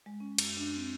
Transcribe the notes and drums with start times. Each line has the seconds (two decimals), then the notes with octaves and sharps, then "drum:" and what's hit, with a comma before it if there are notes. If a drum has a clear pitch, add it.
0.06 G#3
0.20 C#4
0.38 F#2, drum: cymbal
0.57 D4
0.76 C4